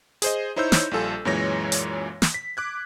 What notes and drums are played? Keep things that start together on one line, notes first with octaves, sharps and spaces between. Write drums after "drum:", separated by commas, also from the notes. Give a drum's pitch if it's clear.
G#4 C5 D#5, drum: hi-hat
D#4 E4 C5 C#5 E6 G6
drum: snare
A#1 G3 F4 A4 G#5
F#2 A#2 E3 G#3 C#5 A#6
drum: hi-hat
drum: snare
B6
D6 F#6 G#6